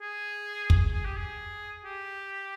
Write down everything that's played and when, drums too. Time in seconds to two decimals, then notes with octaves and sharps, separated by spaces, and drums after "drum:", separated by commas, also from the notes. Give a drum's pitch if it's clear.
0.01 G#4
0.70 drum: kick
0.93 G#4
1.05 G4
1.17 G#4
1.84 G4